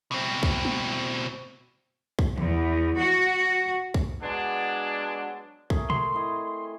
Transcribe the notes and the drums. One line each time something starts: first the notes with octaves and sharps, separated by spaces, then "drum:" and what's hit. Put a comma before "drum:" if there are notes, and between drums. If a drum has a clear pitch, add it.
B2 C4
drum: kick
drum: tom G#3
drum: kick
E2, drum: tom B2
F#4
drum: kick
F#3 G#3 B3 D4
A3 G#4 A#4, drum: kick
C6, drum: tom A#2
C4 E4 D#5